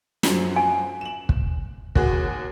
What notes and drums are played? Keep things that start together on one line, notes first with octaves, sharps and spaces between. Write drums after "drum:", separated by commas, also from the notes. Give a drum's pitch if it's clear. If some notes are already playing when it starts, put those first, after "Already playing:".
F#2 F3 F#3, drum: snare
G#5
E7 F#7
drum: kick
D#2 F#4 G#4, drum: kick